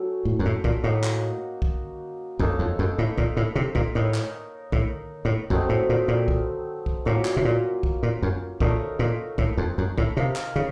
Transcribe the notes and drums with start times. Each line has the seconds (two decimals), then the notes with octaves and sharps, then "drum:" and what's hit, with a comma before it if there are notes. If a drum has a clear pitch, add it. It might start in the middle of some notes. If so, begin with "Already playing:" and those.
Already playing: F#3 A3 C#4 A4
0.25 A2
0.39 F#2
0.45 A2
0.64 A#2, drum: kick
0.84 A2 A#3 D#4 F#4
1.04 drum: clap
1.62 drum: kick
2.39 F#2 A#3 D#4 A4 C#5, drum: kick
2.59 F2
2.79 F#2
2.98 A2
3.18 A#2, drum: kick
3.37 A2
3.55 C3
3.75 A#2, drum: kick
3.95 A2 D#4 A#4 C#5
4.14 drum: clap
4.72 A2, drum: kick
5.25 A2
5.50 F#2 F#3 A3 C4 D#4, drum: kick
5.69 A2
5.89 A#2
6.08 A#2
6.28 drum: kick
6.86 drum: kick
7.05 A2 F#3 A#3 C#4 F4
7.25 drum: clap
7.37 C3
7.45 A#2
7.83 drum: kick
8.03 A#2
8.23 F#2
8.60 A#2 A3 D#4 A#4 C#5, drum: kick
8.99 A#2
9.38 A2, drum: kick
9.58 F2
9.78 F#2
9.98 A2, drum: kick
10.17 C3 D#4 A#4 F5
10.36 drum: clap
10.56 C#3